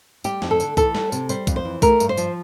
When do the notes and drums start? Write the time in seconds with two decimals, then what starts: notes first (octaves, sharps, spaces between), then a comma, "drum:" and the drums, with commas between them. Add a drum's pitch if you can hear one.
0.24 G3 G4, drum: tambourine
0.42 F2, drum: snare
0.51 A4
0.60 D3, drum: tambourine
0.77 E3 A4, drum: kick, tambourine
0.95 G3, drum: snare
1.12 C3, drum: tambourine
1.29 G3 C5, drum: tambourine
1.47 F2, drum: kick, tambourine
1.56 C5
1.65 E3
1.82 A3 A#4, drum: kick, tambourine
2.00 G2, drum: tambourine
2.09 C5
2.17 F3, drum: tambourine